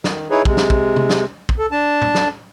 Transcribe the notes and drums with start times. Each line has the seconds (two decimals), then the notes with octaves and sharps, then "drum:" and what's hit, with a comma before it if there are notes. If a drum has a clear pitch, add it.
0.04 D#3, drum: snare
0.30 D#4 E4 G#4 B4 C#5
0.45 C3 G#3, drum: kick
0.57 drum: snare
0.70 drum: kick
0.96 drum: tom
1.10 drum: snare
1.49 drum: kick
1.59 A4
1.72 D4 A5
2.02 drum: tom
2.15 drum: snare